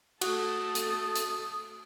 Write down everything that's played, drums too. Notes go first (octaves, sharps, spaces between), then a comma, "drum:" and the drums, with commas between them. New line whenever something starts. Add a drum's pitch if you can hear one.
A3 F#4 A4 D#6, drum: cymbal
drum: hi-hat
drum: hi-hat